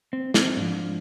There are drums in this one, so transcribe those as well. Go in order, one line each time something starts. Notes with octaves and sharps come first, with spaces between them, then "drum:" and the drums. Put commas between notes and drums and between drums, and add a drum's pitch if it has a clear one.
C4
C4, drum: snare
G#2 F3 D4